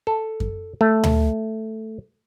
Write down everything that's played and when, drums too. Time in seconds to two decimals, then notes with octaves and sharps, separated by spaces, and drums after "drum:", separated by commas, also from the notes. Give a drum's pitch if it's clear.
0.07 A4
0.40 drum: kick F#2
0.81 A3
1.04 drum: tom D2